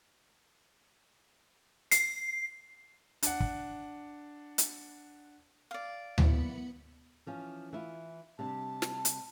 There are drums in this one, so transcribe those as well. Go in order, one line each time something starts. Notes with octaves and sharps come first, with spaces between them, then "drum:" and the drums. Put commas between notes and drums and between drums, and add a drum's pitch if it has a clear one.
C7, drum: hi-hat
D4 F#5, drum: hi-hat
drum: kick
drum: hi-hat
D5 F5
F#3 A#3 B3 E4 B5 C#7, drum: tom D2
E3 F3 C#4
E3 E4 F4
C3 G3 D4 A5
drum: snare
drum: hi-hat